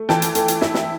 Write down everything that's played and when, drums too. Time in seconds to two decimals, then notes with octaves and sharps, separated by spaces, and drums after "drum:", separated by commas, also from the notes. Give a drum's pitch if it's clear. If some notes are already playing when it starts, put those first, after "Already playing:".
Already playing: A3
0.09 E3 G5 A5, drum: snare
0.22 drum: hi-hat
0.35 A3, drum: hi-hat
0.48 drum: hi-hat
0.61 E4, drum: snare
0.74 drum: snare